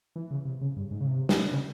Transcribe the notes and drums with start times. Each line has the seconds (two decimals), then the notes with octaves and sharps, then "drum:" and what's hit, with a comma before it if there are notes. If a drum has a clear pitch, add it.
0.16 E3
0.31 C#3
0.45 C3
0.61 C#3
0.77 G2
0.91 G#2
1.01 C#3
1.06 C3
1.29 drum: snare
1.52 C#3